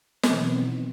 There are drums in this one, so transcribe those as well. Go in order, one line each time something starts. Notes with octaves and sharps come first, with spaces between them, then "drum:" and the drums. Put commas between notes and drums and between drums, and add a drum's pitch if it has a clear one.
B2 D#3 E3 F#3 B3 C4, drum: snare